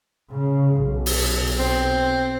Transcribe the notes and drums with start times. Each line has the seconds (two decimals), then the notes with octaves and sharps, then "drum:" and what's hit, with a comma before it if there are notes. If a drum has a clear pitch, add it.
0.31 C#3
0.76 B1
1.06 drum: open hi-hat
1.59 C4